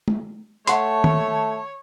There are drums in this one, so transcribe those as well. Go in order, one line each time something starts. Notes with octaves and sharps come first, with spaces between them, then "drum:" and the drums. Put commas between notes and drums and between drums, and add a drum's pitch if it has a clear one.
drum: tom
A3 C#5 E5 F#5 A5 C6, drum: hi-hat
drum: tom D#3